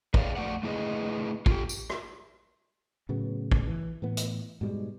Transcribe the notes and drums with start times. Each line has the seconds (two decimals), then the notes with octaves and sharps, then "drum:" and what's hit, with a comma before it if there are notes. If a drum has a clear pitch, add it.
0.14 G#4 B4 C#5 D5 F5, drum: kick
0.37 F2 A3 D5 F#5
0.63 A3 E4 G#4 B4 D#5
1.46 F4 G4, drum: kick
1.69 drum: tambourine
1.90 drum: rim click
3.09 A2 C#3 F#3 B3
3.51 drum: kick
3.67 E3
4.02 A2 E3 B3
4.17 drum: hi-hat
4.61 G#2 B2 G3 G#3